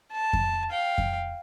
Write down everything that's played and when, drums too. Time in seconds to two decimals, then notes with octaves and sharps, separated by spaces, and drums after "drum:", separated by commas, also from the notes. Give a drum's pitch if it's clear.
0.12 A5
0.33 drum: kick F2
0.71 F5 G5
0.98 drum: kick F2